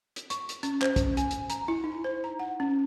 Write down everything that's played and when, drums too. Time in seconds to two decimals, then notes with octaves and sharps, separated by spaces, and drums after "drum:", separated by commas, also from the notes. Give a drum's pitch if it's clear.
0.16 drum: hi-hat
0.30 C#6, drum: hi-hat
0.49 drum: hi-hat
0.63 C#4, drum: hi-hat
0.82 C5, drum: clap
0.96 C#4, drum: kick, hi-hat
1.17 G#5, drum: hi-hat
1.31 drum: hi-hat
1.50 A#5, drum: hi-hat
1.68 E4
1.84 D#4
2.04 C5
2.24 A#5
2.39 F#5
2.60 C#4